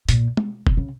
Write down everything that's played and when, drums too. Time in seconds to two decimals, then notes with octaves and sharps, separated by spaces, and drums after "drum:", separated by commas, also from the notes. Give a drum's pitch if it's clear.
0.09 A#2, drum: hi-hat
0.37 drum: tom G#3
0.67 B2, drum: kick
0.77 C#3